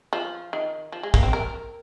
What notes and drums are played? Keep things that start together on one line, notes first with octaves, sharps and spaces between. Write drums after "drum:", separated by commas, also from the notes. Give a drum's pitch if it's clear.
F3
D#3
F3
G#3
A#3, drum: kick
C4
A#4